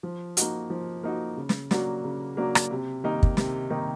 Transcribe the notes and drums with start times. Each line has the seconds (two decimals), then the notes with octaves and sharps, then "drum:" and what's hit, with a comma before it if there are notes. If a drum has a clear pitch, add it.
0.03 F3
0.37 A#3 D#4 F#4, drum: hi-hat
0.70 F3
1.03 A#3 D#4 F#4
1.37 C#3
1.49 drum: snare
1.71 F#3 A#3 D4 F#4, drum: snare
2.04 C#3
2.37 F#3 A#3 D4 F#4
2.55 drum: rim click
2.71 C3
3.04 D#3 G3 A#3 D#4
3.23 drum: kick
3.37 C3, drum: snare
3.70 D#3 G3 A#3 D#4